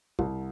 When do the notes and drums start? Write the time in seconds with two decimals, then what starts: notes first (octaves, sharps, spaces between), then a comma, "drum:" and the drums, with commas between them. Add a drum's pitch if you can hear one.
0.19 C2, drum: kick